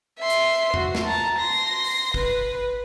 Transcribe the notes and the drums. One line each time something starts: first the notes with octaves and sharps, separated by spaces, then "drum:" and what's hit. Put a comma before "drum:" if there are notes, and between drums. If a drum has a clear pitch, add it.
E5 C6
drum: hi-hat
F#4, drum: tom E2
drum: snare
A5 A#5
C6 A#6
drum: open hi-hat
B4, drum: kick